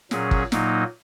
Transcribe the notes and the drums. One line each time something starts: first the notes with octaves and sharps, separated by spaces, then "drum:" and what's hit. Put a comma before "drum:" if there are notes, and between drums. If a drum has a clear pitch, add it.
A#2 F#3 C#4 G#4, drum: snare
drum: kick
A#2 F#3 A#3 D#4, drum: snare